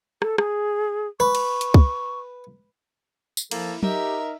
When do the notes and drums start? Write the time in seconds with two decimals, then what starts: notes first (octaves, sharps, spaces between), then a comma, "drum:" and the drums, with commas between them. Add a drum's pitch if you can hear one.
0.22 A4, drum: rim click
0.38 G#4, drum: rim click
1.20 B4 C#6
1.35 drum: cymbal
1.61 drum: hi-hat
1.74 drum: kick
3.37 drum: tambourine
3.51 F3 A#3 E4 A4, drum: cymbal
3.83 D#4 G4 A#4 E5, drum: tom